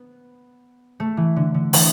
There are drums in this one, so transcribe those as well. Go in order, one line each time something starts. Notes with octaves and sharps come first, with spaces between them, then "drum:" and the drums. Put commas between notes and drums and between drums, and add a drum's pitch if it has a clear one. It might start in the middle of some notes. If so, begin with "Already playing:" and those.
Already playing: B3
A3
E3
D3
D3
E3, drum: open hi-hat